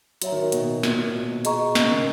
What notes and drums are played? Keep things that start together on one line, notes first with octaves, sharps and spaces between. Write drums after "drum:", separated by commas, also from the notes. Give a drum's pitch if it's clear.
F#3 F#4 C#5 E5 A#5, drum: hi-hat
D#3
D#3
B2, drum: hi-hat
A#2, drum: snare
B2
G#4 D#5 A#5 C#6, drum: hi-hat
C#3, drum: snare
D#3